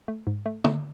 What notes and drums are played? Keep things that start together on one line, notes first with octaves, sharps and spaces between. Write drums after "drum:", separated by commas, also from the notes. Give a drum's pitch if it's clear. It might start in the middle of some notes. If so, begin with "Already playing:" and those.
A3
G#2
A3
A3, drum: tom